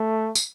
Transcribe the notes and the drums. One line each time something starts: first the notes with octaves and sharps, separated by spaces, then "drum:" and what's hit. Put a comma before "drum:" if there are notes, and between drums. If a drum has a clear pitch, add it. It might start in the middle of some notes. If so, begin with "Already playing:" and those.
Already playing: A3
drum: tambourine